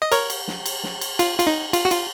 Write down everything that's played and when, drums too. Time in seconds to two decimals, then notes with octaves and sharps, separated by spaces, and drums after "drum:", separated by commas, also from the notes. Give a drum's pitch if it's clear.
0.02 D#5
0.12 A#4 C#5, drum: cymbal
0.30 drum: cymbal
0.48 drum: snare
0.66 drum: cymbal
0.83 drum: snare
1.01 drum: cymbal
1.19 F4, drum: cymbal
1.39 F4, drum: cymbal
1.47 D#4
1.73 F4, drum: cymbal
1.85 F#4
1.91 F4, drum: cymbal